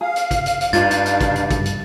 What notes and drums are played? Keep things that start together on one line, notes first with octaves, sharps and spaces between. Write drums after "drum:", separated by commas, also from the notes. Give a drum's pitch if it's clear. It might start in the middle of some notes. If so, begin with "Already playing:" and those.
G#4 F5
drum: hi-hat
drum: kick, hi-hat
drum: hi-hat
drum: hi-hat
G2 D4 D#4 F4 F5 A6, drum: hi-hat
drum: hi-hat
drum: hi-hat
drum: kick, hi-hat
drum: hi-hat
drum: kick, hi-hat
drum: hi-hat